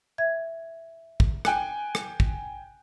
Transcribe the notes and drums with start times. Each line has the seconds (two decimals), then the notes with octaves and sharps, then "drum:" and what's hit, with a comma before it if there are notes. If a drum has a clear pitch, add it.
0.18 E5 G#6
1.20 drum: kick
1.45 G5 G#5 F#6, drum: rim click
1.95 drum: rim click
2.20 drum: kick